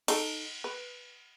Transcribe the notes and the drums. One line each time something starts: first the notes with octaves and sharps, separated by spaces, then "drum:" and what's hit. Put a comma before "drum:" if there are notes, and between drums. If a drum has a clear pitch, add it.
D#4 A4, drum: cymbal
B4